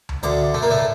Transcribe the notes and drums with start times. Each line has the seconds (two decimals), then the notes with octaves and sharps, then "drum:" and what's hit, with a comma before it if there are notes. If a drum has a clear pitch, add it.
0.09 drum: tom C#2
0.23 D2 D3, drum: hi-hat
0.54 A3, drum: tom C#3
0.63 A#3
0.71 A2 A3